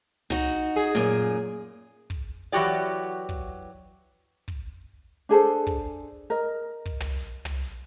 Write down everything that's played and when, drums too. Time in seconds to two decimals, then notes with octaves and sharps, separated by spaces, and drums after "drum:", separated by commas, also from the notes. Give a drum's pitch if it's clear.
0.30 D#4 F#4, drum: tom
0.76 G#4
0.95 F#2 A#2
2.10 drum: kick
2.52 E3 F#3 F#4 G4 D5
3.29 drum: kick
4.48 drum: kick
5.29 D4 G#4 A4 C5
5.67 drum: kick
6.30 A#4 D#5
6.86 drum: kick
7.00 drum: tom
7.45 drum: tom